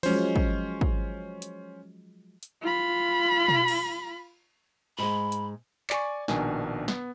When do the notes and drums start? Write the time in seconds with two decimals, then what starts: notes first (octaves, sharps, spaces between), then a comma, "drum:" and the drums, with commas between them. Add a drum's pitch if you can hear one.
0.03 F3 F#3 G#3 C#4 C5, drum: open hi-hat
0.36 drum: kick
0.81 drum: kick
1.42 drum: hi-hat
2.43 drum: hi-hat
2.62 F4 B5
3.48 drum: tom B2
3.68 drum: cymbal
4.98 G#2 G#3 B5
5.32 drum: hi-hat
5.90 D5 G#5 C#6, drum: clap
6.28 A#1 B2 D#3 D4 G#5, drum: snare
6.88 B3, drum: snare